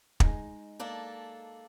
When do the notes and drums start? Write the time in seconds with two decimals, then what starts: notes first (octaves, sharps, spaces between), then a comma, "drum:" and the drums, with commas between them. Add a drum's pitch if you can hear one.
0.20 G#3 D#4, drum: kick
0.80 A#3 D4 A4